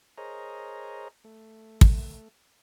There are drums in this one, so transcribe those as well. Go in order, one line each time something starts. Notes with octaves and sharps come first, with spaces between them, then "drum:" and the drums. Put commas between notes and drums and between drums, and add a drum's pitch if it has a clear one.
G#4 A#4 C5 C#5 D#5 A#5
A3
drum: kick